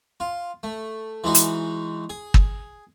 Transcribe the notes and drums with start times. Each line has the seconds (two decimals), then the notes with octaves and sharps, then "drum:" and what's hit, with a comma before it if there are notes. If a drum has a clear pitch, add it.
0.20 F4
0.63 A3
1.24 E3 G#3 D#4 F#4
1.35 drum: hi-hat
2.10 G#4
2.34 drum: kick